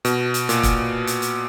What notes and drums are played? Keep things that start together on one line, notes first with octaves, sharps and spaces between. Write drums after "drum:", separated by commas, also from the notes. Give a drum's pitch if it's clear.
B2, drum: hi-hat
drum: hi-hat
A#2, drum: hi-hat
drum: kick, hi-hat
drum: hi-hat
drum: hi-hat